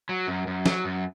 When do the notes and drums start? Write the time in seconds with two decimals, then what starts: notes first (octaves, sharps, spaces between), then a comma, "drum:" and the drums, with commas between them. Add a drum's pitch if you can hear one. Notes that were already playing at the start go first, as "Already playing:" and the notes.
0.09 F#3
0.27 F#2
0.47 F#2
0.66 F#3, drum: snare
0.85 F#2